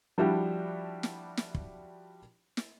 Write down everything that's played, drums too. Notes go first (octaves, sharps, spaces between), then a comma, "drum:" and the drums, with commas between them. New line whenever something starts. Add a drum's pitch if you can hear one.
F3 G3 D4 E4 F#4 G4
drum: snare
drum: snare
drum: kick
drum: snare